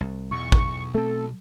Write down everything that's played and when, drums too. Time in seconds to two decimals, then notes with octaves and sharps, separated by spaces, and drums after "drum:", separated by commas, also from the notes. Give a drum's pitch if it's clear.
0.01 C2
0.31 B1 E2 C#6
0.52 drum: kick
0.94 A3 C4 A4